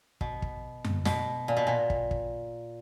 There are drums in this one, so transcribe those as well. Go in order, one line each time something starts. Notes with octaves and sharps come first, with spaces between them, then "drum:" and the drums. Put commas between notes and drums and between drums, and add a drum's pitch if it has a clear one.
B2, drum: kick
drum: kick
drum: tom F#2
B2, drum: snare
A#2
B2
A#2
drum: kick
drum: kick